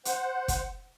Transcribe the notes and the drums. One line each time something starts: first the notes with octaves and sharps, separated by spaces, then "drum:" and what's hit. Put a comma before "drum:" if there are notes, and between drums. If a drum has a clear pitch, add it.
C5 F#5, drum: hi-hat
drum: kick, hi-hat